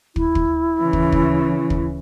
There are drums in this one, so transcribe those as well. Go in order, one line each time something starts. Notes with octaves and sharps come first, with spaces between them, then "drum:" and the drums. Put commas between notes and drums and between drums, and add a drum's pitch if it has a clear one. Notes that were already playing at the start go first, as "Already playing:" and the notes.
E4, drum: kick
drum: kick
C#3 E3
drum: kick
drum: kick
drum: kick